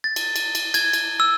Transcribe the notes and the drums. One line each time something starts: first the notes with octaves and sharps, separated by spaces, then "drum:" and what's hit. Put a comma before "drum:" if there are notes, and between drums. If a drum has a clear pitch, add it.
A6
drum: cymbal
drum: cymbal
drum: cymbal
G#6, drum: cymbal
drum: cymbal
E6